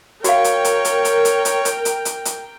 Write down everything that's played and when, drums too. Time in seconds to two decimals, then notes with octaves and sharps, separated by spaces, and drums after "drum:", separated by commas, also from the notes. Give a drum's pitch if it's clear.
0.24 F#4 A#4 C#5 F5 G5, drum: hi-hat
0.44 drum: hi-hat
0.65 drum: hi-hat
0.85 drum: hi-hat
1.05 drum: hi-hat
1.25 drum: hi-hat
1.45 drum: hi-hat
1.65 drum: hi-hat
1.85 drum: hi-hat
2.05 drum: hi-hat
2.25 drum: hi-hat